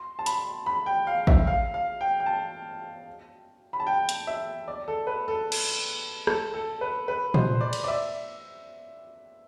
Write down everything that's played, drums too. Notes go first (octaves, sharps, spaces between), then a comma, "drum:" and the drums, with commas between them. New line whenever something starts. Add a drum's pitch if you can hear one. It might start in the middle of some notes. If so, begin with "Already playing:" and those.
Already playing: C6
A5
B5, drum: hi-hat
B5
G5
F5
E5, drum: kick
F5
F5
G5
G5
A5
B5
A5
G5
drum: hi-hat
E5
D5
A4
B4
A4
drum: cymbal
A4, drum: rim click
A4
B4
B4
C5, drum: tom A#2
D5
drum: cymbal
D5
E5